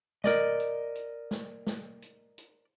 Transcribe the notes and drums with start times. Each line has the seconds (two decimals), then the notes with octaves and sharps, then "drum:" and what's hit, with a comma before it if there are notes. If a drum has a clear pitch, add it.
0.24 A#4 D5 D#5, drum: snare
0.60 drum: hi-hat
0.95 drum: hi-hat
1.31 drum: snare
1.67 drum: snare
2.02 drum: hi-hat
2.38 drum: hi-hat